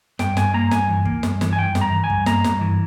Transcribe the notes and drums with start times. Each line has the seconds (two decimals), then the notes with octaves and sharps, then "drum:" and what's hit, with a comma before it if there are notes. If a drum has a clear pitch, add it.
0.19 G2 G5, drum: snare
0.37 G2 G#5, drum: snare
0.54 A#3 A#5
0.71 G2 G#5, drum: snare
0.89 E3
1.05 A#3, drum: kick
1.23 G2, drum: snare
1.41 E3, drum: snare
1.53 G#5
1.58 G2 G5
1.75 G2, drum: snare
1.81 A#5
1.92 E3
2.04 G#5
2.10 G2, drum: kick
2.26 A#3 A#5, drum: snare
2.44 G2, drum: snare
2.61 E3